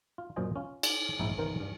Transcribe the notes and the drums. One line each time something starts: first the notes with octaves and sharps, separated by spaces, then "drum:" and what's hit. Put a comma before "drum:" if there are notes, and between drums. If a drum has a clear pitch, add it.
F4
F#2 A#2 F#3 C5 D#5 G#5
C#4 F4
drum: cymbal
A#1 G#2 D#4 E4
G1 C2 D#3 E3 A#4 C5
G2